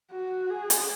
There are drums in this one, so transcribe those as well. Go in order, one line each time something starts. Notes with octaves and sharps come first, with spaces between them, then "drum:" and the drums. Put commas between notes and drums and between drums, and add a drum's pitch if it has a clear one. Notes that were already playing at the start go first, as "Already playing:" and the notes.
F#4
G#4
drum: hi-hat